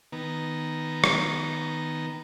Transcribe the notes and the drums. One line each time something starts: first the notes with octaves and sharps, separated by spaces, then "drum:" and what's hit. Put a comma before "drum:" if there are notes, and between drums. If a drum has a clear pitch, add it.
D#3 B3 A#5
drum: rim click